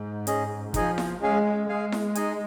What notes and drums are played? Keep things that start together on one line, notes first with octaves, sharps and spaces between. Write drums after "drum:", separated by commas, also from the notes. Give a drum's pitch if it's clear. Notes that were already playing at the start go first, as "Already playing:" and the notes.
Already playing: G#2
C#4 G#4 D#5, drum: hi-hat
F3 D#4 G#4 D#5 G#5, drum: kick, hi-hat
drum: snare E4
G#3 C#4 G#4 F5 G#5
G#3 G#4 F5 G#5
drum: snare E4
D#4 G#4 D#5 G#5, drum: hi-hat